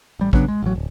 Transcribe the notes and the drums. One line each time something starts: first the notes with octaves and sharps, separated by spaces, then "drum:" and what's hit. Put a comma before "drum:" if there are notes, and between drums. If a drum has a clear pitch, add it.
A1 G3
C#3 F#3 B3 D4, drum: kick
G#3
A1 F#3
D1